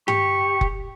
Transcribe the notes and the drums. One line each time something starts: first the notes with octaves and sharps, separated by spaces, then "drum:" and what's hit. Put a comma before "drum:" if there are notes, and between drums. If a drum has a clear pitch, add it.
G4 C#6, drum: tom G2
drum: kick F1